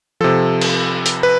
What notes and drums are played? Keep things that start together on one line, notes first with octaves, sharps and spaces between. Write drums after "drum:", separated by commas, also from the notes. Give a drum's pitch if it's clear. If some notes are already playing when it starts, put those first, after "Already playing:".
C3 F3 A4
drum: cymbal
drum: hi-hat
B4